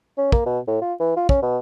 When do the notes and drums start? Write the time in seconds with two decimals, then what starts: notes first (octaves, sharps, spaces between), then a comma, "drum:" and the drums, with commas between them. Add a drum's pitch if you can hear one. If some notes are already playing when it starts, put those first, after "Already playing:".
0.18 C#4
0.32 A#3, drum: kick
0.46 B2
0.67 A2
0.82 F4
1.00 E3
1.16 F4
1.29 C#4, drum: kick
1.42 B2